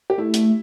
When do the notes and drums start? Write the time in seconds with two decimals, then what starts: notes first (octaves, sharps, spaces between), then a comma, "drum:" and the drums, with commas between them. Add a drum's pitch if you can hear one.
0.10 G4
0.18 A3 E4
0.34 drum: hi-hat